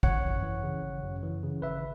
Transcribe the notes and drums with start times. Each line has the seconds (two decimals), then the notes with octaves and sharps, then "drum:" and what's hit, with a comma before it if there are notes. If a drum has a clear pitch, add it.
0.03 G#1 C#5 F#5, drum: kick A1
0.23 F#2
0.43 E3
0.63 C#3
0.83 G#1
1.03 F#2
1.23 E3
1.43 C#3
1.62 G#1 B4 E5